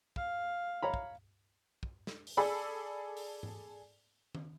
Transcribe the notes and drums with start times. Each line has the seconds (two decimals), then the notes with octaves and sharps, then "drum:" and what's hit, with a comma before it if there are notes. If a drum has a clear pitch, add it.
0.16 F5, drum: kick
0.82 C#5 A#5 B5
0.94 drum: kick
1.83 drum: kick
2.07 drum: snare
2.27 drum: open hi-hat
2.37 G#4 A4 D5 B5
3.17 drum: open hi-hat
3.43 drum: tom G#2
4.35 drum: tom D#3